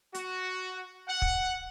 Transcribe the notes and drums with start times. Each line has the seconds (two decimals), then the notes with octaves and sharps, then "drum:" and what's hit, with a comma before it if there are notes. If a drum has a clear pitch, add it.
0.15 F#4, drum: hi-hat
1.08 F#5
1.22 drum: kick